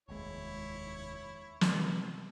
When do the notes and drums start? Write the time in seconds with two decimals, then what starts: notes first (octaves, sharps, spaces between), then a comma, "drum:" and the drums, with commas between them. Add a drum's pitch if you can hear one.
0.09 F1 D#2 G#3 E4 C#5
1.61 C3, drum: snare